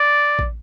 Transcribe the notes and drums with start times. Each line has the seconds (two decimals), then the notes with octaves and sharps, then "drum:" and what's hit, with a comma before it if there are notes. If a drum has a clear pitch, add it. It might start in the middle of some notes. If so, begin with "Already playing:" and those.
Already playing: D5
0.39 drum: kick A1